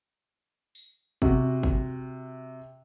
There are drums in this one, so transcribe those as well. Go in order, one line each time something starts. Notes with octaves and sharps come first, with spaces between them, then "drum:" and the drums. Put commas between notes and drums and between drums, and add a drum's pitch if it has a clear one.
drum: tambourine
C3 F#4, drum: kick G1
drum: kick G1